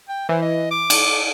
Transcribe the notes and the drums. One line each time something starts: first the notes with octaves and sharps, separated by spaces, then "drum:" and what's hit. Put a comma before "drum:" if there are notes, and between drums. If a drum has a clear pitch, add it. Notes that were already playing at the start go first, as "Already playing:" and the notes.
G5
E3 C5
D#5
D6
drum: cymbal